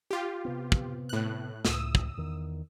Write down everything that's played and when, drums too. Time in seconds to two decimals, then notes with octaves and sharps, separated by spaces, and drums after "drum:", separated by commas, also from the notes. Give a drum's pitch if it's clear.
0.11 F4 G4
0.45 C3 B3
0.72 drum: kick
1.09 A2 F#6
1.65 C#2 A2 D#6 E6, drum: snare
1.95 drum: kick
2.17 E2 D#3